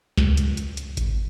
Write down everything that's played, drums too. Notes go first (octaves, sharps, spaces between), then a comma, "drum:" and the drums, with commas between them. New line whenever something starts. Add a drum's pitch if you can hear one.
C#2, drum: snare
drum: hi-hat
drum: hi-hat
drum: hi-hat
drum: kick G#1, hi-hat